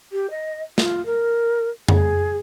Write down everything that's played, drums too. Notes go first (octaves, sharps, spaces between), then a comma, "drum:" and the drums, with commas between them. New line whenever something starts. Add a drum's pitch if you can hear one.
G4
D#5
F4, drum: snare
A#4
G#4, drum: tom F2